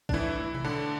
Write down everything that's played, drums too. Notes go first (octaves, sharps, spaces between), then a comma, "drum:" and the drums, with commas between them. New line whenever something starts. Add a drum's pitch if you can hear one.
D4, drum: kick
A2 E3 E4
E3
E4, drum: tom B2
A2 D3 D4